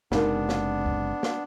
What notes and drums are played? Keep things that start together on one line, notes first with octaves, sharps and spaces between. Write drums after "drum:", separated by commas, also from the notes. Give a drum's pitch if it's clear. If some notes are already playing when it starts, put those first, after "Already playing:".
F#1 C3 G#3 B3 D4 D#4 A#4, drum: snare
drum: snare
drum: kick
drum: snare